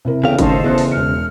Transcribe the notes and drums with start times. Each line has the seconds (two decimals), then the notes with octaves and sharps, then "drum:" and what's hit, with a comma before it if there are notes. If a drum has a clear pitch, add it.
0.05 C3 E4 A#4
0.24 E2 C#3 A4 C#5 F5 G5
0.39 A1 F#2 D#3 A4 C5 D#5, drum: kick G1, hi-hat
0.63 E2 B3 F#6
0.78 drum: open hi-hat
0.91 E1 F6 C#7